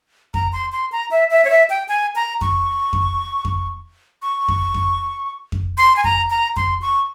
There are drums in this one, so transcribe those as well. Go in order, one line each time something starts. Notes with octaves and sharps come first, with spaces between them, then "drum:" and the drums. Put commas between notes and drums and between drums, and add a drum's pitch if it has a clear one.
A#5, drum: kick F2
C6
C6
A#5
E5
E5
C#5
E5
G5
G#5
A#5
C#6, drum: kick F2
drum: kick F2
drum: kick F2
C#6
drum: kick F2
drum: kick F2
drum: kick F2
C6
G#5
A#5, drum: kick F2
A#5
C6, drum: kick F2
C#6